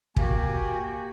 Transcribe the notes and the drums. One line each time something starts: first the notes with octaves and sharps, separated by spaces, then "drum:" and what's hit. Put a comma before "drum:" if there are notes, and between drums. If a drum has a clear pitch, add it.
A#3 F#4 G4 G#5, drum: kick